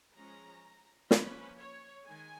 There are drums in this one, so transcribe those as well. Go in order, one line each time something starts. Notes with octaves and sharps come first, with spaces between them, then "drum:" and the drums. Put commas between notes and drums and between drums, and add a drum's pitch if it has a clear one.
F3 G#3 C#4 A#5
F3 A#3 C#4 B4, drum: snare
C#5
D#3 G#3 G#5